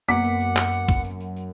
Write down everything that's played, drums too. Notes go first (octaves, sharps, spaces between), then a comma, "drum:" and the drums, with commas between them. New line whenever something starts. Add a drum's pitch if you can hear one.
F#2 A#3 B3 F#5 D6 B6, drum: tambourine
drum: tambourine
drum: tambourine
drum: clap
drum: tambourine
drum: kick, tambourine
drum: tambourine
drum: tambourine
drum: tambourine